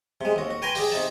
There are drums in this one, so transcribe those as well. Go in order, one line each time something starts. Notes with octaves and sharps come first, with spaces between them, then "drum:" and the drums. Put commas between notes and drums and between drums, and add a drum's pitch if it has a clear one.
C3 G#3
D#2 F#4
F#4
B4 G5 G#5 A#5 C6
G4 G#4, drum: open hi-hat
C3 D#4 A5